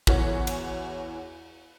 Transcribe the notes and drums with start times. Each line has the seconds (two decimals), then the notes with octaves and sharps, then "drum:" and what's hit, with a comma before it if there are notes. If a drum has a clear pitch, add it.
0.07 E2 E3 F#4 C#5, drum: kick
0.47 drum: cymbal